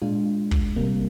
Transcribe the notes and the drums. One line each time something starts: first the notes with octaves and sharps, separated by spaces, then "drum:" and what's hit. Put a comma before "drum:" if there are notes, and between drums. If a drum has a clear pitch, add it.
A#2 G#3 D4 F4
drum: kick
C3 G3 A#3